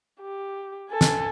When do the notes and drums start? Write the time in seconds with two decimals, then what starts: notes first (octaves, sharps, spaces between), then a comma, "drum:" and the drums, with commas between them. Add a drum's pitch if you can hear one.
0.21 G4
0.89 A4 G#5
1.01 drum: snare